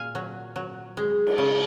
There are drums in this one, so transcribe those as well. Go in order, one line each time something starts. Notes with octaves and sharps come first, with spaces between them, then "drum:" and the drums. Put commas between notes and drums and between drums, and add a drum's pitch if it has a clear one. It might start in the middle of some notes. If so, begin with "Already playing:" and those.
Already playing: A#2 F5 G#5
F#3
F#3
G#3
drum: cymbal
C#3